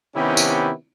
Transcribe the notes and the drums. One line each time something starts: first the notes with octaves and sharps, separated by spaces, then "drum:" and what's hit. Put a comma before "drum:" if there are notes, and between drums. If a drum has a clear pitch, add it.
C3 D#3 B3 C#4 E4 G4
drum: tambourine